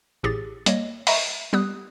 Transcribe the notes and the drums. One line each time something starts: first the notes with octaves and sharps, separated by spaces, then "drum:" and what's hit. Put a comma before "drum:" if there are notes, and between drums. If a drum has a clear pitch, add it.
A1 A2 G4 G#4 A6
G3 A#3 C#5 D#5, drum: hi-hat
D#5 E5 A#5 B5 C#6, drum: open hi-hat
G3 B3 G4 D#6 F#6